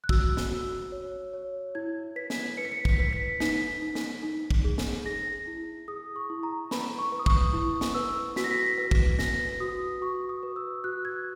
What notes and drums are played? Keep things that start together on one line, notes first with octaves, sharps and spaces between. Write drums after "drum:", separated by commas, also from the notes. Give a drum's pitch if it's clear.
F#6
F#4 E6, drum: kick
drum: snare
F#4
C#5
C#5
E4 G#6
B4 B6
drum: snare
B4 C#7
B6
C#7
B6, drum: kick
B4
B6
D#4 B6, drum: snare
D#4
drum: snare
D#4
drum: kick
G#4
drum: snare
G#4 A#6
E4
G#4 D#6
C#6
E4
A#5
B4 B5, drum: snare
C#6
B4
D#6
C#6, drum: kick
E4
drum: snare
B4 E6
F#4 B6, drum: snare
A#6
B6
B4
drum: kick
B4 A#6, drum: snare
F#4 D#6
F#4 C#6
D#6
B4
E6
F#4 F#6
G#6